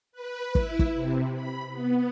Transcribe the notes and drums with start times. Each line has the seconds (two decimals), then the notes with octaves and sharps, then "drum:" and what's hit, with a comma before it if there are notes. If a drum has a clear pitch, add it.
0.12 B4
0.55 E4, drum: kick
0.79 drum: kick
0.95 C3
1.33 B5
1.71 B3